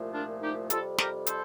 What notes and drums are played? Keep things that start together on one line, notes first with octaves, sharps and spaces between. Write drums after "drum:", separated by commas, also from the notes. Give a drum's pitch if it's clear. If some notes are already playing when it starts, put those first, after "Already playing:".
Already playing: C2 A#2 F3 A3
D4 F4
D#4 G4
F2 C3 G3 F4 A4, drum: hi-hat
G4 A#4, drum: snare
A4 C5, drum: hi-hat